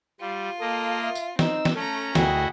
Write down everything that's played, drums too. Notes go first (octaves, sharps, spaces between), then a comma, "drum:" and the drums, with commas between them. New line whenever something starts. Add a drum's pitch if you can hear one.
G3 F4
A#3 A4 D#5
E5
drum: tambourine
C4 D#4 E6, drum: snare
drum: snare
A3 C#4 A4 A#5
D2 E4 F#4 G#4 D#5 G5, drum: snare